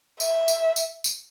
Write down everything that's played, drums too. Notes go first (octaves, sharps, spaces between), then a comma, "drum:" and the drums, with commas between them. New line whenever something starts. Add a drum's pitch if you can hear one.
E5, drum: tambourine
drum: tambourine
drum: tambourine
drum: tambourine